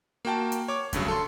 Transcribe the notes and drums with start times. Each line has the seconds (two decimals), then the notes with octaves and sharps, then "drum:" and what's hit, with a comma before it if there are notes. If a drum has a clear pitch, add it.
0.25 A#3 F#4 G5 A5
0.52 drum: hi-hat
0.68 C#5 D6
0.93 D2 G2 C#3 F#3, drum: kick E2, hi-hat
1.08 A4 C6